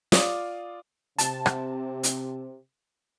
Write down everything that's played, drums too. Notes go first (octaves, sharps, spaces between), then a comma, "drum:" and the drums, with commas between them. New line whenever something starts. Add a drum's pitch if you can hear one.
F4 D5 F5 D6 D#6, drum: snare
C3 A5, drum: hi-hat
drum: rim click
drum: hi-hat